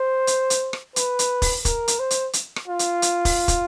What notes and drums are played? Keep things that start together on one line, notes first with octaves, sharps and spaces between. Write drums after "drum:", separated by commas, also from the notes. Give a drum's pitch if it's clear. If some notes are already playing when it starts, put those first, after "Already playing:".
Already playing: C5
drum: hi-hat
drum: hi-hat
drum: rim click
B4, drum: hi-hat
drum: hi-hat
drum: kick, open hi-hat
A#4, drum: kick, hi-hat
drum: hi-hat
C5
drum: hi-hat
drum: hi-hat
drum: rim click
F4
drum: hi-hat
drum: hi-hat
drum: kick, open hi-hat
drum: kick, hi-hat